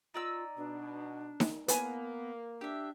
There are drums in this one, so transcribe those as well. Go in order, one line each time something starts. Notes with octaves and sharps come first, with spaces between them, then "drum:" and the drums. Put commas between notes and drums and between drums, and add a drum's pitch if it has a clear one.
D#4 F4 D5 E6
B2 D4
drum: snare D#4
A#3 B3 B4 G#5, drum: hi-hat
D4 G4 E5